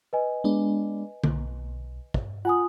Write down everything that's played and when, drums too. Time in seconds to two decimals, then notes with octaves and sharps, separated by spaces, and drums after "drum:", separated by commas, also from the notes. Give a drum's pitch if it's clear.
0.13 B4 D#5 G#5
0.44 G#3 B3 D4
1.24 B1, drum: tom D3
2.14 drum: kick
2.45 F4 F#5 G#5 D#6